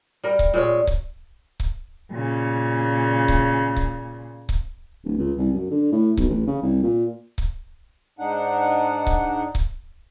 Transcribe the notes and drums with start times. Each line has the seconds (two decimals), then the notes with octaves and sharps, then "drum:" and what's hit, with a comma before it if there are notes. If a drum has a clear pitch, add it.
0.24 G3 A#4
0.39 drum: kick C#1
0.54 A#2 G#3 C#4
0.87 drum: kick C#1
1.60 drum: kick C#1
2.12 A#2 C#3
3.28 drum: kick C#1
3.76 drum: kick C#1
4.49 drum: kick C#1
5.05 D1
5.18 C#2
5.38 C2
5.54 F#2
5.71 D3
5.92 A2
6.17 B1, drum: kick C#1
6.29 A1
6.47 C#3
6.62 C2
6.83 A#2
7.38 drum: kick C#1
8.19 G#2 D4 D#4 F#5
9.06 drum: kick C#1
9.55 drum: kick C#1